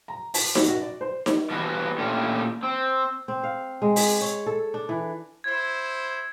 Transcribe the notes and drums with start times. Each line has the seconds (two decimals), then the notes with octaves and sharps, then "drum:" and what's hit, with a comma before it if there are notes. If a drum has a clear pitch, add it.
0.08 A#5
0.34 A5, drum: open hi-hat
0.55 F#4, drum: snare D#4
0.68 F#4
0.82 D5
1.01 C5
1.26 drum: snare D#4
1.50 E3 G3 B3 F#4
1.98 A#2 A3 C#4 D4 E4 G4
2.63 C4
3.28 C4
3.43 F5
3.82 G#3
3.96 G#4, drum: open hi-hat
4.21 C#5
4.46 A4
4.74 D4
4.89 E3
5.44 E4 C5 G#6